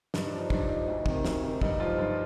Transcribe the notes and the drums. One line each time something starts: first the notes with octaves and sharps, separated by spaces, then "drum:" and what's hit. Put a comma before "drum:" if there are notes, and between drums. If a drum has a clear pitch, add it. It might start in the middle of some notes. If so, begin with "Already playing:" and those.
G2 D#4, drum: snare
D4
F3
D#4
G2 D4, drum: kick
F3 D#4
D2
C3 D#3, drum: kick
D2, drum: snare
C3 D#3
G2 D#4, drum: kick
F3 F4
G2 F4